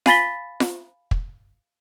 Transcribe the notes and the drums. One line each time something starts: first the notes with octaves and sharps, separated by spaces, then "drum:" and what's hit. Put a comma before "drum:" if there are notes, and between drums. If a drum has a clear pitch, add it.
F5 G#5 B5 A6 B6 G7, drum: snare F4
drum: snare F4
drum: kick